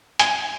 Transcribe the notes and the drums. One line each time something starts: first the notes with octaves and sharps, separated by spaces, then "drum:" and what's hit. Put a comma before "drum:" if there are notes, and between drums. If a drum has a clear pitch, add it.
G#5, drum: hi-hat